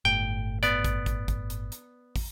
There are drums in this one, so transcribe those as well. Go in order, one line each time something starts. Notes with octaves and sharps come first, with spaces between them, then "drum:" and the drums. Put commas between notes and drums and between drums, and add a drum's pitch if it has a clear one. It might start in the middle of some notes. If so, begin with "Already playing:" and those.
G1 A2 G5
B3 D5, drum: hi-hat
drum: kick, hi-hat
drum: kick, hi-hat
drum: kick, hi-hat
drum: hi-hat
drum: hi-hat
drum: kick, open hi-hat